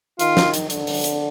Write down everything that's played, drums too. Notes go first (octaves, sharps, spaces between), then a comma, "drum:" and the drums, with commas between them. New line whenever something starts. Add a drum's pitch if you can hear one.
D#3 F4, drum: hi-hat
drum: snare
drum: hi-hat
D3, drum: hi-hat
drum: open hi-hat
drum: hi-hat